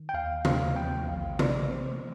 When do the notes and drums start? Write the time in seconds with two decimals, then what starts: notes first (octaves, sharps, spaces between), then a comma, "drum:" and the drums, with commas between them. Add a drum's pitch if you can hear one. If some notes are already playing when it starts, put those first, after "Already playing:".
Already playing: D#3
0.09 G5
0.14 D#2 F5
0.45 D#2 F5, drum: tom C3
0.76 F3 G5
1.08 A#1 F5
1.39 A#1 D5, drum: tom C3
1.71 F3 C5